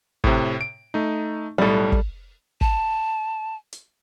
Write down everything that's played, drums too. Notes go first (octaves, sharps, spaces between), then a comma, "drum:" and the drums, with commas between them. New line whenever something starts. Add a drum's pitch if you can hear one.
A2 C3, drum: kick
D7
A3 D#4
B1 A2 G3 A4
drum: kick
A5, drum: kick
drum: hi-hat